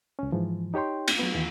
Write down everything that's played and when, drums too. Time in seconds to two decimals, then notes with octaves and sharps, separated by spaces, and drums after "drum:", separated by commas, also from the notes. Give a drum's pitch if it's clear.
0.19 C#2 C#4
0.32 G#2 E3 F3
0.74 D#4 G4 C#5 G5 C6
1.08 drum: cymbal
1.19 F#3 B3
1.34 D#2 E3